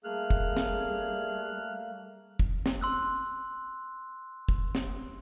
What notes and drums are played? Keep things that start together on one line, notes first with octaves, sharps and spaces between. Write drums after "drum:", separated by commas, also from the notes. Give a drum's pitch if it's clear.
G3 A3 A#3 G#4 F6 F#6
drum: kick
drum: snare
drum: kick
drum: snare
C6 E6 F#6
drum: kick
drum: snare